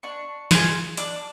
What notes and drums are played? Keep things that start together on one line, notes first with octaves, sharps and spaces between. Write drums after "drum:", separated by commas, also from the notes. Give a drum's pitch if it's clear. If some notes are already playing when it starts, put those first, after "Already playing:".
D4 C#6
F4 G#4, drum: snare
D4 D6, drum: hi-hat